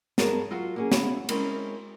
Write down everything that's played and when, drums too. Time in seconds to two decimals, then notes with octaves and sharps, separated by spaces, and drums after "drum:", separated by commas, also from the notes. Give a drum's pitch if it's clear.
0.18 G2 G#3 A#4 C#5 A5, drum: snare
0.50 F#3 F4 F#4
0.76 A#3 C#4 G#4
0.92 C#3 C#4 E4 F#4, drum: snare
1.29 G#3 C4 C#4 E4 A#4, drum: cymbal